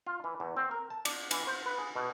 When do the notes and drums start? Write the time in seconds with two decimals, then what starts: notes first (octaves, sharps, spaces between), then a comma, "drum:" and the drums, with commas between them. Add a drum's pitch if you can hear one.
0.07 F4
0.24 E3
0.40 E2
0.57 C4
0.71 A#4
0.90 A5
1.05 D5, drum: cymbal
1.31 E3, drum: cymbal
1.47 C5
1.66 B4
1.78 G#4
1.96 B2